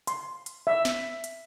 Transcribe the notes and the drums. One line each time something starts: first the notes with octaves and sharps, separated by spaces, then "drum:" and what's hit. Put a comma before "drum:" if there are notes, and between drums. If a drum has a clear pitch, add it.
C6, drum: hi-hat
drum: hi-hat
E5
drum: snare
drum: hi-hat